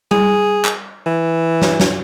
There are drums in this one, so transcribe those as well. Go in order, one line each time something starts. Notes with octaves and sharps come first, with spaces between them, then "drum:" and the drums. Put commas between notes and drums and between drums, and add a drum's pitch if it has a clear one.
G#4, drum: tom G3
drum: clap
E3
drum: snare
drum: snare